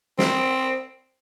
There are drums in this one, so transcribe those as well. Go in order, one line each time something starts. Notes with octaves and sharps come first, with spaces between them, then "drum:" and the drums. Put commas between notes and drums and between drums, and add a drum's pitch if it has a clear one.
C4, drum: snare